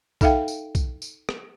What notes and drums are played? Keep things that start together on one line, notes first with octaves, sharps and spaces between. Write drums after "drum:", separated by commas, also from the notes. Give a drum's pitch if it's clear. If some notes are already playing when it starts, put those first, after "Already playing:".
D#4 A4 E5 F5 G5, drum: kick B1, tambourine
drum: tambourine
drum: kick B1, tambourine
drum: tambourine
drum: rim click